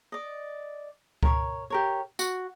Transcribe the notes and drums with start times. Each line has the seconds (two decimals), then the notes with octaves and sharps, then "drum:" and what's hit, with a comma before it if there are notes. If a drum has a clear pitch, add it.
0.12 D5 D#5
1.23 A#4 C#5, drum: kick C#2
1.70 G4 A#4 C#5
2.19 F#4, drum: tambourine